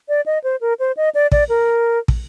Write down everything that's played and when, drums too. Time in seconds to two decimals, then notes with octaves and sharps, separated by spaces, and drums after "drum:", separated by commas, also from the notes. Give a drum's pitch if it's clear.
0.09 D5
0.26 D#5
0.44 C5
0.61 A#4
0.80 C5
0.97 D#5
1.15 D5
1.32 D5, drum: kick
1.49 A#4
2.08 drum: kick